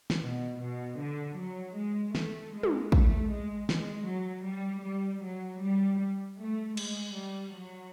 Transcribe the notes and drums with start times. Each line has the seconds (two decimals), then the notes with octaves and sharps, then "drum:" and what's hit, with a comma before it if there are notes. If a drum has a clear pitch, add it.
0.10 drum: snare
0.23 B2
0.61 B2
0.99 D3
1.38 F#3
1.77 G#3
2.15 A3, drum: snare
2.54 G#3
2.63 drum: tom
2.92 A3, drum: kick
3.31 G#3
3.69 G#3, drum: snare
4.08 F#3
4.46 G3
4.85 G3
5.23 F#3
5.62 G3
6.39 A3
6.77 G#3, drum: cymbal
7.16 G3
7.55 F#3